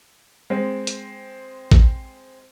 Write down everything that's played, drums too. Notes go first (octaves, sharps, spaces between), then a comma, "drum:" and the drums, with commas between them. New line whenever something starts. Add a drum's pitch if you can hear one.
G#3 C4
drum: hi-hat
drum: kick A1